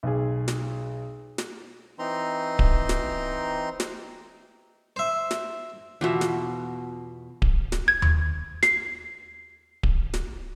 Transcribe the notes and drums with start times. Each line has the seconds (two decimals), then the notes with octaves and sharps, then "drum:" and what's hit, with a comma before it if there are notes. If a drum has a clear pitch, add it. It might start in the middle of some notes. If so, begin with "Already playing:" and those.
0.03 B1 G#4
0.48 drum: snare
1.38 drum: snare
1.99 E3 C4 D#4 A#5 C6
2.59 drum: kick D1
2.89 drum: snare
3.80 drum: snare
4.96 C5 E5
5.31 drum: snare
6.01 E2 B2 F4 F#4 E5
6.21 drum: snare
7.42 drum: kick D1
7.72 drum: snare
7.88 G#6
8.02 drum: tom D#2
8.63 C7, drum: snare
9.83 drum: kick D1
10.14 drum: snare